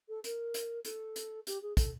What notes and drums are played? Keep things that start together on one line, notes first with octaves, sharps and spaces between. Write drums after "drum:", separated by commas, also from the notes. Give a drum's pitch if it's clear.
A4
A#4, drum: hi-hat
drum: hi-hat
A4, drum: hi-hat
drum: hi-hat
G4, drum: hi-hat
G#4
A4, drum: kick, hi-hat